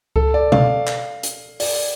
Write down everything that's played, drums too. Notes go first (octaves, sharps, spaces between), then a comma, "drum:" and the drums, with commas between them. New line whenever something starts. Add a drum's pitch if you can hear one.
A4, drum: kick C#2
D5
F5, drum: tom B2
drum: clap
drum: hi-hat
D5, drum: open hi-hat